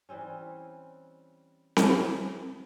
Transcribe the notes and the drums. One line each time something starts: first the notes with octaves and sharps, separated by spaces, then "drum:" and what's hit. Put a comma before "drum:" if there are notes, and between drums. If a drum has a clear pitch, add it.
E3 G3 C4 C#4
drum: snare C4